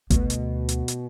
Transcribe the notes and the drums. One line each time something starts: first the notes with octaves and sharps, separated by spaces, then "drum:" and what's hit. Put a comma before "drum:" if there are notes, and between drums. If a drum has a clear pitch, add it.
D2 B2, drum: kick G#1, hi-hat
drum: hi-hat
drum: hi-hat
drum: hi-hat